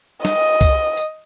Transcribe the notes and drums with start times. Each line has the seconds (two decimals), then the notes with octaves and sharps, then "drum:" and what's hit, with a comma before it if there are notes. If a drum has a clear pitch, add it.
0.25 D#5, drum: snare
0.61 drum: kick C2, tambourine
0.97 drum: tambourine